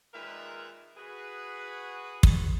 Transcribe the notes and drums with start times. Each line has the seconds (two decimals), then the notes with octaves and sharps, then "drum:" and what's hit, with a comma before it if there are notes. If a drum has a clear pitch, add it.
0.14 A#2 D#3 G#3 A#4 B4 E5
0.97 F#4 G#4 B4
2.23 drum: kick